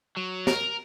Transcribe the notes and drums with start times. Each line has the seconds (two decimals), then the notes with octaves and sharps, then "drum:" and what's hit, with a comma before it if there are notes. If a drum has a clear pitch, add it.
0.16 F#3
0.47 A#4, drum: snare